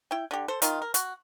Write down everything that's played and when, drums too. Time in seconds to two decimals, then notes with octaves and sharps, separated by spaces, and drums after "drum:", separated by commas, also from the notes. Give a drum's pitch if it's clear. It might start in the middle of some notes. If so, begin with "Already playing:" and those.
0.11 E4 G5
0.31 D3 G4
0.48 A4 C5
0.62 D#3 D#4 F4, drum: hi-hat
0.82 A#4
0.94 F#4, drum: hi-hat